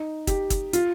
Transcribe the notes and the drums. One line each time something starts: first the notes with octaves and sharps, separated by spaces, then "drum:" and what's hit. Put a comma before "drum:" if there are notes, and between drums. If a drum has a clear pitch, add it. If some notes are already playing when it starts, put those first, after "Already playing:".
Already playing: D#4
G4, drum: kick, hi-hat
drum: kick, hi-hat
F4, drum: hi-hat